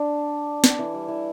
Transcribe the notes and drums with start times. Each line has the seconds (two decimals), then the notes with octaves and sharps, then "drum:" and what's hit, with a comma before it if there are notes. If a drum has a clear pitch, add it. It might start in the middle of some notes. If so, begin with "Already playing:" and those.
Already playing: D4
0.64 drum: snare
0.79 E3
0.94 G3
1.08 E3